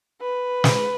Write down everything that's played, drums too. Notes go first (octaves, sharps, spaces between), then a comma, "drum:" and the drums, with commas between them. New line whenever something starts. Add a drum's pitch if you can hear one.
B4
drum: snare